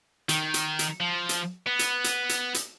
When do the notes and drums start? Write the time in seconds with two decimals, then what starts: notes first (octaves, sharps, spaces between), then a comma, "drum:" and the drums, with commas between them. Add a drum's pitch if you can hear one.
0.29 D#3, drum: hi-hat
0.54 drum: hi-hat
0.79 drum: hi-hat
1.00 F3
1.29 drum: hi-hat
1.67 B3
1.79 drum: hi-hat
2.04 drum: hi-hat
2.29 drum: hi-hat
2.54 drum: hi-hat